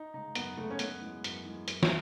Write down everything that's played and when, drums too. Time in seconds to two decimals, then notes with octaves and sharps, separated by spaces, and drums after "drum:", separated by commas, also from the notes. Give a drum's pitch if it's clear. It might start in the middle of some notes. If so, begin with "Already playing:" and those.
Already playing: D#4
0.14 C#3 G#3 D#4
0.35 F#2 B3, drum: hi-hat
0.57 C#3 G#3 A3
0.71 C#4
0.79 F#2 B3, drum: hi-hat
1.01 E3 G#3
1.24 F#2, drum: hi-hat
1.45 E3 G#3
1.68 F#2, drum: hi-hat
1.83 drum: snare